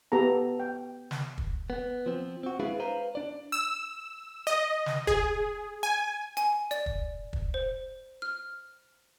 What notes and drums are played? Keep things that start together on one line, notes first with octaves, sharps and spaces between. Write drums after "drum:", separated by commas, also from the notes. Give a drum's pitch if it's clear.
B3 G4 A4 A#5
G5
drum: snare
drum: kick
B3
F3 C4
C4 F#4
G#3 D4 E4 G#4 B4 F5
B4 C5 F5 A#5
D4 D5
E6
D#5
drum: snare
G#4, drum: kick
G#5
G#5, drum: hi-hat
D5, drum: hi-hat
drum: kick
drum: kick
C5
F6